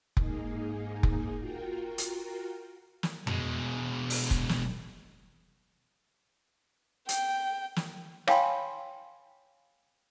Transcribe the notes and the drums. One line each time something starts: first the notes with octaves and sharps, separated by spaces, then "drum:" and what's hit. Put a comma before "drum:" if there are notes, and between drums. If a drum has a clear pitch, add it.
G#2 A#3 D#4 G#4, drum: kick F1
drum: kick F1
F4 F#4 A#4 G5
drum: hi-hat
drum: snare
B2 G#3, drum: tom F2
drum: open hi-hat
drum: kick F1
drum: snare
G5, drum: hi-hat
drum: snare
C#5 F5 G5 G#5 B5 C6, drum: rim click